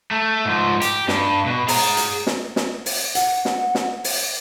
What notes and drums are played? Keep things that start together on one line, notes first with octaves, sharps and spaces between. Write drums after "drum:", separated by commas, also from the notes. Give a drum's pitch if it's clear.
A3
G#2 F3
G4, drum: hi-hat
G2, drum: snare
B2
G#4 A#5, drum: open hi-hat
drum: hi-hat
drum: snare
drum: snare
drum: open hi-hat
F#5, drum: hi-hat
drum: snare
drum: snare
drum: open hi-hat